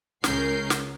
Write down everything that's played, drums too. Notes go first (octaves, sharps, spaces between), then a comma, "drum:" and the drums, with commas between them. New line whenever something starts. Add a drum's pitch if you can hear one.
C#2 C#3 C#4 A#4 G6 C7, drum: snare
drum: snare